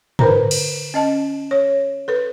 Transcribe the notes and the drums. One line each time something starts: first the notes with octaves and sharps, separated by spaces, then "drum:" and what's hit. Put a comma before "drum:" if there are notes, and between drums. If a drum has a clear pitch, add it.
D3 A#4 C5 A#5, drum: tom G2
drum: cymbal
C#4 D#5 A5
C#5
A4 B4